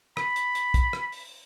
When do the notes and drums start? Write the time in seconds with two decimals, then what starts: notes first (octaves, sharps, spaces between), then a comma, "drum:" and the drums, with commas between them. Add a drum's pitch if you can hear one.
0.17 B5, drum: rim click
0.36 drum: hi-hat
0.55 drum: hi-hat
0.74 drum: kick, hi-hat
0.93 drum: rim click
1.12 drum: open hi-hat